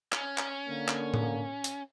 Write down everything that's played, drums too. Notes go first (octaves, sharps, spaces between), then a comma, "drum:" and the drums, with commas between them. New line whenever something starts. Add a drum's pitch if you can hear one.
C#4, drum: clap
drum: clap
D3 A#3
drum: clap
drum: tom
drum: hi-hat